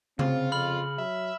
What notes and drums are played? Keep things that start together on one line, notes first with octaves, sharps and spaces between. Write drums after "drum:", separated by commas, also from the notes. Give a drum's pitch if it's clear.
C#3 C4 F4, drum: tom C3
F2 B5 F6 F#7
F#3 E5